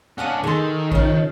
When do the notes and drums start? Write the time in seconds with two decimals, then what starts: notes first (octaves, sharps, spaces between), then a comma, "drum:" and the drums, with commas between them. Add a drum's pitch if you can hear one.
0.18 C#4 D4 D#5 F5 F#5
0.44 D#3 D#4 G#4 A4 C6
0.92 C#3 F3, drum: kick A#1